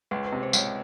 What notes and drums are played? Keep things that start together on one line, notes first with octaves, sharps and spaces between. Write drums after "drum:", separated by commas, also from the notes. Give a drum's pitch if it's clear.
C#2 B4
B4
C3
C5
C#2 C#5, drum: tambourine